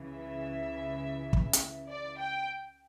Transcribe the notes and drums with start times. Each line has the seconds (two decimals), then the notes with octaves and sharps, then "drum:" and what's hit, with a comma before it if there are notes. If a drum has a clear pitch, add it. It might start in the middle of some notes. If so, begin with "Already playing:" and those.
Already playing: C#2 C#3 E3
0.09 E5
1.33 drum: kick
1.53 drum: hi-hat
1.89 D5
2.19 G5